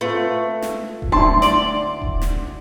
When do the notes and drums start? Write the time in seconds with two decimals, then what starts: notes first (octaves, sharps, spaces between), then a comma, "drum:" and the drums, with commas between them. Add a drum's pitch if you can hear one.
0.01 A3 C4 F4 B4
0.62 drum: snare
1.02 drum: kick D#1
1.12 D2 C4 E4 A5 C6
1.42 D5, drum: snare
2.02 drum: kick D#1
2.21 drum: snare